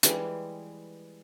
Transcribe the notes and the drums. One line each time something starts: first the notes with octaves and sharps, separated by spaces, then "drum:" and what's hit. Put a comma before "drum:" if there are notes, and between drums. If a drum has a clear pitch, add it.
E3 G3 G#3, drum: hi-hat